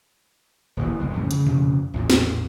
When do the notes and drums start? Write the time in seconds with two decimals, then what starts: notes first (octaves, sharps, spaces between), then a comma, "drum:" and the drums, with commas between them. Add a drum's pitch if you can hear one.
0.77 D#1 A1 E3
0.99 E1 C2 G2 G#3
1.13 F2 A2 C#3 C#4
1.31 C#3, drum: hi-hat
1.47 F2 C#3, drum: tom B2
1.94 A1 E2 A#2
2.10 drum: snare